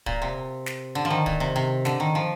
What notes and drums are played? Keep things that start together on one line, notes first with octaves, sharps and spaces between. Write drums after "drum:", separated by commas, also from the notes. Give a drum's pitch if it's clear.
A#2, drum: kick
C3
drum: snare
D3
F3
D#3
A#2, drum: kick
C3
C3
D3, drum: snare
D#3
F3